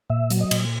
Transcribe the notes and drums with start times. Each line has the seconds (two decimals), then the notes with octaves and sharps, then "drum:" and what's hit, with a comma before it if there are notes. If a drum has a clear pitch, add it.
0.10 A#2 E5
0.30 F#3, drum: hi-hat
0.41 D#5
0.51 A#2, drum: cymbal